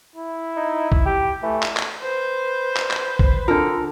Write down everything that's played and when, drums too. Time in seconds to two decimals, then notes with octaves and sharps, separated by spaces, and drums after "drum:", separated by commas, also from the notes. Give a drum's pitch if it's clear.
0.16 E4
0.56 D#4
0.92 drum: kick
1.06 G4
1.43 E3 A3
1.63 drum: clap
1.77 drum: clap
2.01 B4 C5
2.77 drum: clap
2.91 drum: clap
3.19 drum: kick
3.48 D3 D4 F4 A4 A#4